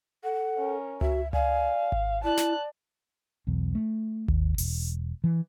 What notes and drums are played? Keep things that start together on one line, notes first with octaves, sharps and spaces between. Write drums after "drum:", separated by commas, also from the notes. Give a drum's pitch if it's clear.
A4 F#5
C#4 A#4
F#4 E5, drum: tom C#2
D5 F5 G#5, drum: tom C#2
drum: kick G#1
E4 D5 A5 F#6
drum: snare
B1 E2
A3
D#2, drum: kick G#1
E1, drum: open hi-hat
E3